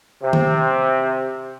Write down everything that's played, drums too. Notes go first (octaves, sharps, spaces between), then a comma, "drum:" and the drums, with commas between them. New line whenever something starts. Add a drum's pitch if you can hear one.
C3
drum: tom D#3